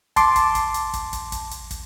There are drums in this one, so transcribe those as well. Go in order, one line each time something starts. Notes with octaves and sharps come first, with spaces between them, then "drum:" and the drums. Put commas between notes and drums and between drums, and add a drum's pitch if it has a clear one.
A5 C6 D6, drum: kick, hi-hat
drum: kick, hi-hat
drum: kick, hi-hat
drum: hi-hat
drum: kick, hi-hat
drum: kick, hi-hat
drum: kick, hi-hat
drum: hi-hat
drum: kick, hi-hat